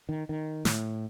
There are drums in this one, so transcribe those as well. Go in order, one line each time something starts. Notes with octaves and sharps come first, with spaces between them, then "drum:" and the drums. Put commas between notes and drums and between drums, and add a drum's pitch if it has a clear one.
D#3
D#3
A2, drum: snare